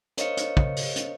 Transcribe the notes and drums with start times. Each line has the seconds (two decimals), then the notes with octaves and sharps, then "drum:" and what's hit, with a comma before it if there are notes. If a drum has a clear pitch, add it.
0.17 A#4 C5 C#5 D#5 F5 C#7, drum: hi-hat
0.37 drum: hi-hat
0.57 drum: kick
0.76 drum: open hi-hat
0.96 drum: hi-hat